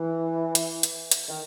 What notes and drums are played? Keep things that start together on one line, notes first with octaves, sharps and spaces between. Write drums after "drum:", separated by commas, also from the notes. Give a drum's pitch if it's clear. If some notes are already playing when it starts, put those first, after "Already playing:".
Already playing: E3
drum: hi-hat
drum: hi-hat
drum: hi-hat
D#3